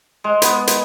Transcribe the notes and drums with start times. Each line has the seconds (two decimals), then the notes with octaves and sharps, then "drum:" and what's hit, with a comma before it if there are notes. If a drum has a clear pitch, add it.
0.24 G#3
0.42 B3, drum: hi-hat
0.67 drum: hi-hat